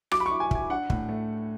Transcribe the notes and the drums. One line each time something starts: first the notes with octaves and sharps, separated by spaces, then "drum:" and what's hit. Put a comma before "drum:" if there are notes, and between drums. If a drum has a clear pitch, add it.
F#3 D6, drum: rim click
B5
C#6
E4
G#5
E4 G#5, drum: kick
D4 F#5
A2, drum: kick
A3